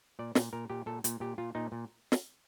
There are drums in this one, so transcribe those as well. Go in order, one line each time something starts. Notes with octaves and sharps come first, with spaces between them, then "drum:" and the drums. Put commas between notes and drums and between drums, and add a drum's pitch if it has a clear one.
A#2 D5
A#2, drum: snare
A#2 A#4
A#2 G4
A#2 A4
A#2, drum: hi-hat
A#2 G4
A#2 F4
A#2 D#4
A#2
drum: snare